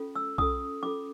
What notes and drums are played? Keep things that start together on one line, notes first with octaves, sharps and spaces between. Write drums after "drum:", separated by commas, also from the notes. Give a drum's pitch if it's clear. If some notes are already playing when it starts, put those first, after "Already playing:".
Already playing: C#4 F4 A4
E6
C#4 F4 A4 D#6, drum: kick B1
C#4 F4 A4 D6